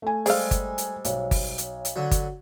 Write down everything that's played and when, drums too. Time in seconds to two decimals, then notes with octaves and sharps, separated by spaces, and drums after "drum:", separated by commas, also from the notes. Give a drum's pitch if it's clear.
0.02 A3 G#5
0.26 G3 G#3 G#4 C5 F5 E6, drum: open hi-hat
0.51 drum: kick G1, hi-hat
0.78 drum: hi-hat
1.04 B1 C#5, drum: hi-hat
1.31 drum: kick G1, open hi-hat
1.58 drum: hi-hat
1.85 drum: hi-hat
1.96 D3 F#3 F#4
2.11 drum: kick G1, hi-hat